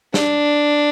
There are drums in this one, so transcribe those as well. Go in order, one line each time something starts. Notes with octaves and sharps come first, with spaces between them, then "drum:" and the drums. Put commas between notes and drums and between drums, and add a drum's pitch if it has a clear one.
D4, drum: snare